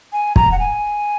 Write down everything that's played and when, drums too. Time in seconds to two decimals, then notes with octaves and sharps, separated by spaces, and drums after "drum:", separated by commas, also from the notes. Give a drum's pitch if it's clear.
0.13 G#5
0.36 A#5, drum: kick
0.52 F#5
0.59 G#5